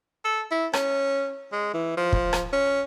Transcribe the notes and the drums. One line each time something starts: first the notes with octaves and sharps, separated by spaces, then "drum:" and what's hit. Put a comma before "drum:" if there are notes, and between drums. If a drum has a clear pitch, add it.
A4
E4
C#4, drum: rim click
G#3
E3
F3
drum: kick
drum: rim click
C#4